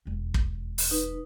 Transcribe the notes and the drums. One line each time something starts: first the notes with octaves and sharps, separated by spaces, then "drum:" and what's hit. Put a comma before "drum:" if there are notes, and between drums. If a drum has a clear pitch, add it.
E1 D#2
drum: kick
drum: open hi-hat
D#4 B4